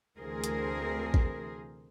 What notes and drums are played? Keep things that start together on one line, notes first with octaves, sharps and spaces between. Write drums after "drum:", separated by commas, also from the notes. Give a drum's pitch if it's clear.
D2 C3 E3 G#4 A#4 C5
drum: hi-hat
drum: kick